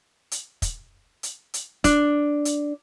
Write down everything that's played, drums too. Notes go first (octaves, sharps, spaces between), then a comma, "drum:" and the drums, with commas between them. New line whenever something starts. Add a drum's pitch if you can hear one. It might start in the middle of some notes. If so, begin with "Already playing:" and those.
drum: hi-hat
drum: kick, hi-hat
drum: hi-hat
drum: hi-hat
D4, drum: kick, hi-hat
drum: hi-hat